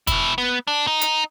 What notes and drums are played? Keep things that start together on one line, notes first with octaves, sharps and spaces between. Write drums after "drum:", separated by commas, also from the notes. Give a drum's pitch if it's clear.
B2 E4, drum: kick, hi-hat
B3
D4
D#4
drum: hi-hat